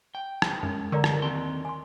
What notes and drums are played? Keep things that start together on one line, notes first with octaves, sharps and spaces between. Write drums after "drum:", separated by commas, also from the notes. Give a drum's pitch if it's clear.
G5
drum: rim click
F#2 G#3
D3 A#4 D5 A#5
drum: rim click
D#2 C4 C6
G#5 C6